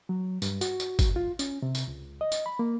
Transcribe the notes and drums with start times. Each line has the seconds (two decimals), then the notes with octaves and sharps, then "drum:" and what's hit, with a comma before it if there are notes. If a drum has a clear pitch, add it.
0.09 F#3
0.42 G2, drum: tambourine
0.61 F#4, drum: tambourine
0.80 drum: tambourine
0.99 drum: kick, tambourine
1.16 F4
1.39 C#4, drum: tambourine
1.62 C3
1.75 drum: tambourine
1.88 C#2
2.21 D#5
2.32 drum: tambourine
2.46 B5
2.59 A#3